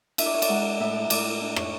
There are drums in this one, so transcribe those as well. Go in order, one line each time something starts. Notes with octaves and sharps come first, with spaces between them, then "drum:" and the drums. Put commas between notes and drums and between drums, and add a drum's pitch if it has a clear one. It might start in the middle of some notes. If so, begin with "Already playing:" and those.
D4 E5, drum: cymbal
D5
C#5
D5, drum: cymbal
G#3 F#5
A2 E5
A2 D5, drum: cymbal
D4
C#5, drum: rim click